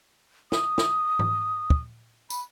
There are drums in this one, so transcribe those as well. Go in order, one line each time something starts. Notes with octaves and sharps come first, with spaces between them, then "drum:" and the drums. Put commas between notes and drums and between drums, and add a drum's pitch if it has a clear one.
D#6, drum: snare
drum: snare
drum: tom G#2
drum: kick
B5, drum: tambourine